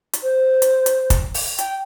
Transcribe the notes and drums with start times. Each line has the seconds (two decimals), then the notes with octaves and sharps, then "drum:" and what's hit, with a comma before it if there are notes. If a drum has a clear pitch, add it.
0.13 drum: hi-hat
0.23 C5
0.62 drum: hi-hat
0.86 drum: hi-hat
1.10 drum: kick, hi-hat
1.34 drum: open hi-hat
1.59 G5, drum: hi-hat